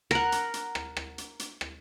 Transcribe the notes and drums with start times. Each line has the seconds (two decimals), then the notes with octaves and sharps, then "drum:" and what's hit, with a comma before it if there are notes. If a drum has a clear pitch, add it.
0.11 A#4 F#5, drum: rim click
0.32 drum: hi-hat
0.54 drum: hi-hat
0.75 drum: rim click
0.97 drum: rim click
1.18 drum: hi-hat
1.39 drum: hi-hat
1.61 drum: rim click